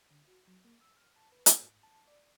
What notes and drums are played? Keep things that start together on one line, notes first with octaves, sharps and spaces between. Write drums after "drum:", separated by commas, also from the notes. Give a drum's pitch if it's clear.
D3
F#4
F#3
A#3
E6
F6
A5
B4
G#4, drum: hi-hat
G#2
A5
D5